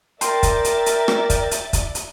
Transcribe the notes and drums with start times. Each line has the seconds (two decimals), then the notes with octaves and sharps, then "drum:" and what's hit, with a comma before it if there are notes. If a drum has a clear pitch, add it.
0.21 A#4 D5 E5 G5 C6 A6, drum: hi-hat
0.43 drum: kick, hi-hat
0.64 drum: hi-hat
0.86 drum: hi-hat
1.08 drum: rim click
1.30 drum: kick, hi-hat
1.51 drum: hi-hat
1.73 drum: kick, hi-hat
1.95 drum: hi-hat